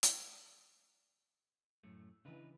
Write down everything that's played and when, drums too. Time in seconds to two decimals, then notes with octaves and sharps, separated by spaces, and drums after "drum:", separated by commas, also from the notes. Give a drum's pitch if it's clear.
0.03 drum: hi-hat
1.83 F#2 A2 A3
2.25 C#3 E3 D4 D#4 B4